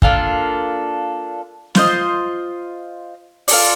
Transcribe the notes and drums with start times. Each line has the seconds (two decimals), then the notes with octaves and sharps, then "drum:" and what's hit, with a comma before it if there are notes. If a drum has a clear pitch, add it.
0.02 A#3 D4 F4 A4, drum: kick
1.75 F4 C5 D#5, drum: snare
3.48 F4 A4 D5, drum: open hi-hat